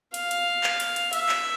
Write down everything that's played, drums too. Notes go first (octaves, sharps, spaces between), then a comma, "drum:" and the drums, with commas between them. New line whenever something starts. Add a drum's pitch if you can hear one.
F5, drum: hi-hat
drum: hi-hat
drum: clap
drum: hi-hat
drum: hi-hat
E5, drum: hi-hat
drum: clap